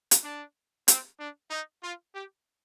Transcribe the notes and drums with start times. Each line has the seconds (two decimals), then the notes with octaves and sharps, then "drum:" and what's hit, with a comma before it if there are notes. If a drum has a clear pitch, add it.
0.11 drum: hi-hat
0.23 D4
0.88 C4, drum: hi-hat
1.18 D4
1.50 D#4
1.82 F4
2.14 G4